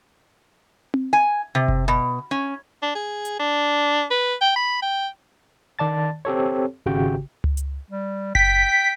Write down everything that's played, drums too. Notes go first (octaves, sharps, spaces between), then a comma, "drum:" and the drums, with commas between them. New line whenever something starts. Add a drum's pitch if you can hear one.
drum: tom C4
G#5
C3
drum: kick F#1
B2
C#4
D4
G#4
drum: hi-hat
D4
B4
G5
B5
G5
D#3 D5 A5 A6
C4 G4 A4 C#5
G#1 C#3 F#4 G4 G5
drum: tom C#2
drum: hi-hat
G3
G5 B6, drum: kick F#1